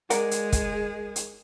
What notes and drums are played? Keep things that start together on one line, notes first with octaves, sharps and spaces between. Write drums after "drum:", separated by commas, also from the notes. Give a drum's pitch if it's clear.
G#3 G#4 A#4 D5 F#5, drum: hi-hat
drum: hi-hat
drum: kick, hi-hat
drum: hi-hat